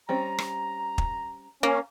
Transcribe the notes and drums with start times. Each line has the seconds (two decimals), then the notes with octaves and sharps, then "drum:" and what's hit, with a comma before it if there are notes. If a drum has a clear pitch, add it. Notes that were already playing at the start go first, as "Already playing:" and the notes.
0.09 G3 C4 C#4 A#5
0.39 drum: rim click
0.98 drum: kick
1.63 A#3 C#4